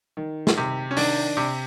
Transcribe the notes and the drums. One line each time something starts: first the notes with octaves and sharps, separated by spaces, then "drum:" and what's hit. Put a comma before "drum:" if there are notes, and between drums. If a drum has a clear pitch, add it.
D#3
drum: snare
C3
C#4
D#3 D4, drum: open hi-hat
C3